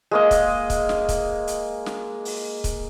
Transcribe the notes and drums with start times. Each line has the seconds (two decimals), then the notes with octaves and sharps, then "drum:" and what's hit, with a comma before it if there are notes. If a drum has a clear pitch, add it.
0.11 G#3 A#3 D#5
0.31 drum: kick C#1, hi-hat
0.70 drum: kick C#1, hi-hat
0.89 drum: snare
1.09 drum: kick C#1, hi-hat
1.47 drum: hi-hat
1.86 drum: snare
2.25 drum: open hi-hat
2.64 drum: kick C#1, hi-hat